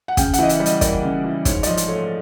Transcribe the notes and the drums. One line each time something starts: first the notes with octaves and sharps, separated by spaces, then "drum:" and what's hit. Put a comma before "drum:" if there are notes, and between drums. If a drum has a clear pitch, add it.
F#5
C#3 G5, drum: kick, hi-hat
F#5, drum: hi-hat
E3 D#5
E5, drum: hi-hat
G3
D#5, drum: hi-hat
A#3 D5, drum: kick, hi-hat
C#3
E3
G#2 C#5, drum: kick, hi-hat
D5, drum: hi-hat
F3 D#5
drum: hi-hat
A3 C#5